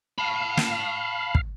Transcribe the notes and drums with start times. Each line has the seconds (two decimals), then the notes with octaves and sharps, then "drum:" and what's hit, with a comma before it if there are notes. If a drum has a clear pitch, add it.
0.19 F5 A5 B5
0.57 drum: snare
1.35 drum: kick